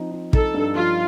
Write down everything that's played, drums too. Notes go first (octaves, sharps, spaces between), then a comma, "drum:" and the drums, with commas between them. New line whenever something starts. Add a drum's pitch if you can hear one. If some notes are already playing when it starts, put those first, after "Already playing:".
Already playing: F3 C4 D#4
D#4
D#4 A4, drum: kick
G2
F3 F4